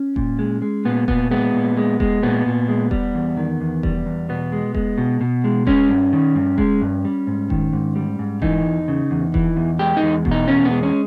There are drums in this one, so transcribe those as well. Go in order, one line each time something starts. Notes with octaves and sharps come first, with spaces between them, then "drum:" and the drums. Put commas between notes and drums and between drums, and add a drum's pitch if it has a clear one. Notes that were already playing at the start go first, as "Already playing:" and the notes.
Already playing: C#4
A#2, drum: kick E1
G#3
G#3
A#2 B3
A#2 B3, drum: kick E1
G#3 B3
A#2
G#3
G#3, drum: kick E1
A#2 B3
A#2
G#3
G3, drum: kick E1
E2
D#3
E2
G3, drum: kick E1
E2
B2 B3
G#3
G#3, drum: kick E1
B2
B2
G#3
G#3 C#4, drum: kick E1
G2
D#3
G2
G#3, drum: kick E1
G2
G3
G#2
D#3, drum: kick E1
G#2
G3
G#2
E3 D#4, drum: kick E1
E2
C#3
E2
E3, drum: kick E1
E2
G#3 G4
D#4
E2
B2, drum: kick E1
D#4
E2 C#4
B3
G#3
C#4